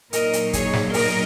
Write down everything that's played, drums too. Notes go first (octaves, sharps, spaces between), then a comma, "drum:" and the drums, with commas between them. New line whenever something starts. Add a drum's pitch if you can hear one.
A#2 F#3 D#4 A#4 D#5, drum: hi-hat
drum: hi-hat
G#4 C#5, drum: kick, hi-hat
drum: snare
A#4 D#5, drum: open hi-hat